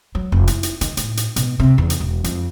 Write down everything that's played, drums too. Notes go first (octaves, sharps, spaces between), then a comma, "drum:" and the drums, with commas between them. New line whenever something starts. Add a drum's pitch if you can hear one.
F#3
F1
E4, drum: hi-hat
drum: hi-hat
D#3, drum: hi-hat
A2, drum: hi-hat
drum: hi-hat
B2, drum: hi-hat
C3
E2
drum: hi-hat
E1
F2, drum: hi-hat